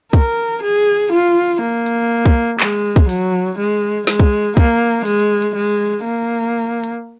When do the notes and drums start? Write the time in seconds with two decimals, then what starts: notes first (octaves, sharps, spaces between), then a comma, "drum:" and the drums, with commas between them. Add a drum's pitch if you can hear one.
0.13 A#4, drum: kick
0.63 G#4
1.13 F4
1.62 A#3
1.86 drum: hi-hat
2.26 drum: kick
2.60 G#3, drum: clap
2.96 drum: kick
3.09 F#3, drum: open hi-hat
3.58 G#3
4.07 G#3, drum: snare
4.20 drum: kick
4.57 A#3, drum: kick
5.05 G#3, drum: open hi-hat
5.20 drum: hi-hat
5.42 drum: hi-hat
5.55 G#3
6.05 A#3
6.84 drum: hi-hat